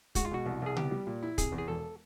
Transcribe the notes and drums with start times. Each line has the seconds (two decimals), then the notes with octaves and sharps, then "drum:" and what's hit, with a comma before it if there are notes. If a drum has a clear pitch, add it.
0.15 G#3 F#4, drum: kick, hi-hat
0.25 F4
0.31 B2 F#4
0.46 C2
0.62 C2 G#4
0.76 B3 G4, drum: tom C#3
0.91 G3
1.07 A#2
1.23 E4
1.38 C3 G#4, drum: kick, hi-hat
1.52 E2
1.58 G#4
1.68 E1 A4